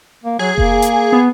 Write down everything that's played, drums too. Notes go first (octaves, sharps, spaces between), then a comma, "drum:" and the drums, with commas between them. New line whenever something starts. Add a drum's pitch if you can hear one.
A#3
F#3 G#4
A#3, drum: kick F1
drum: hi-hat
B3